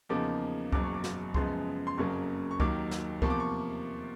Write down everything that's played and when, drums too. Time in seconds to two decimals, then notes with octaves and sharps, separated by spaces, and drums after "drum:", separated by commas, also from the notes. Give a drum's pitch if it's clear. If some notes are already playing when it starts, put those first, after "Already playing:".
0.09 E2 C#3 F3 A#3 D#4 D6
0.72 F#1 E2 B2 F#3 D6, drum: kick C#2
0.83 C#6
0.94 D6
1.04 drum: snare
1.34 F#2 C#3 F3 G#3 B3 C6, drum: kick C#2
1.87 C6
1.97 F#1 F2 C#3 F#3 A#3 C#6
2.51 C#6
2.60 D#2 D#3 F#3 D6, drum: kick C#2
2.91 drum: snare
3.22 E2 C3 F3 A#3 C#6, drum: kick C#2
3.30 D6
3.40 C#6